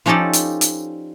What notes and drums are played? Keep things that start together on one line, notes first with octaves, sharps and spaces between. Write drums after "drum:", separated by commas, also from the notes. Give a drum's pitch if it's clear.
F3 C#4 D#4 G4 A4 D5
drum: hi-hat
drum: hi-hat